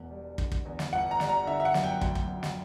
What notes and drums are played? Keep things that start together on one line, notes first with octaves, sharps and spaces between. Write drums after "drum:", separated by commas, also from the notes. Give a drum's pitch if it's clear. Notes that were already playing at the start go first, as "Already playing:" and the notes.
Already playing: E1 E2
G3
D3, drum: kick
drum: kick
E2
drum: snare
G1 F#5
A#5
G3, drum: snare
A#5
D3 E5
E5
F#5
F#2, drum: snare
G5
D2, drum: kick
drum: kick
D2
drum: snare